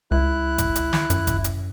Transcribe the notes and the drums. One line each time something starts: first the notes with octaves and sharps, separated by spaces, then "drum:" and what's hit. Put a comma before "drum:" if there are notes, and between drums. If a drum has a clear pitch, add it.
C#2 E4 F#6
drum: kick G1, hi-hat
drum: hi-hat
drum: snare
F#2, drum: hi-hat
drum: kick G1, hi-hat
drum: hi-hat